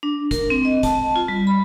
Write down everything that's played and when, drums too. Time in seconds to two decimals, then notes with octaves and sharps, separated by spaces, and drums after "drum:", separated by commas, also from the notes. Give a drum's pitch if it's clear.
0.03 D4
0.31 A#4, drum: kick F#1, hi-hat
0.50 C4
0.65 D#5
0.83 A5, drum: kick F#1, hi-hat
1.16 F4
1.28 G3
1.47 B5